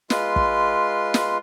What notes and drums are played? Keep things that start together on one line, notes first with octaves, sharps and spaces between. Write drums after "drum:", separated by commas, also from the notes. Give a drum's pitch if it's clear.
G#3 F4 B4 C6, drum: snare
drum: kick
drum: snare